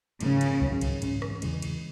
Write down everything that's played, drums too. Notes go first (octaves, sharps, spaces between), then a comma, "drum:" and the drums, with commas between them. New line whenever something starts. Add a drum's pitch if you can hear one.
G#1 G#2 C#3 F3 A#3, drum: cymbal
drum: cymbal
G#2 D#3 F#3, drum: kick C2
drum: cymbal
G#2 E3 G#3 C#4, drum: cymbal
drum: rim click
E2 C#3 E3 G#3, drum: cymbal
drum: cymbal